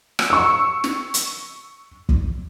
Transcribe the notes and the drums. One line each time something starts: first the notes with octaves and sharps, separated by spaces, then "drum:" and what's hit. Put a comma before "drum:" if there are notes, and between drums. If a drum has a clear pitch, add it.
drum: rim click
C#6 E6
drum: snare
drum: hi-hat
drum: kick